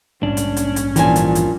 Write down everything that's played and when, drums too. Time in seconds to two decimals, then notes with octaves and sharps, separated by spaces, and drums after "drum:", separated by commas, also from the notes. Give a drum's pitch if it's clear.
0.23 A#1 G#2 G3 C#4 D4
0.37 drum: hi-hat
0.57 drum: hi-hat
0.76 drum: hi-hat
0.96 G2 A#2 E3 F3 D4 G#5, drum: hi-hat
1.16 drum: hi-hat
1.35 drum: hi-hat